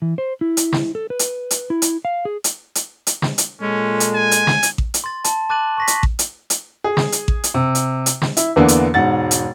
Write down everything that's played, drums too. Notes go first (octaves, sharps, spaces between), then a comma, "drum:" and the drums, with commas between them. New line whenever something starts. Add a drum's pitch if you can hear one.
E3
C5
E4
drum: hi-hat
drum: snare
A4
B4
drum: hi-hat
drum: hi-hat
E4
drum: hi-hat
F5
G#4
drum: hi-hat
drum: hi-hat
drum: hi-hat
drum: snare
drum: hi-hat
A#2 G#3 C#4 A4
drum: hi-hat
G#5
drum: hi-hat
drum: snare
drum: hi-hat
drum: kick A1
drum: hi-hat
C6 A6
A5, drum: hi-hat
A5 D6 F#6 A6 D#7 F#7
C#6 A#6 B6
drum: hi-hat
drum: kick A1
drum: hi-hat
drum: hi-hat
G#4
drum: snare
drum: hi-hat
drum: kick A1
drum: hi-hat
C3
drum: hi-hat
drum: hi-hat
drum: snare
E4, drum: hi-hat
E2 D3 E3 A#3 B3 D4
drum: hi-hat
E1 G#2 F#5 A6
drum: hi-hat